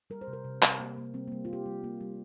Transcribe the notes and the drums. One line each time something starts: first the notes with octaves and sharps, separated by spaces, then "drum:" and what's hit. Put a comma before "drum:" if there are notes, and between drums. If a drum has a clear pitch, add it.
G3 A#4
C5
C3
A#4
C3
G3, drum: clap
A#3
A#3
G3 C4
A#3
G3
F4
G3 G4
G3
A#3
G3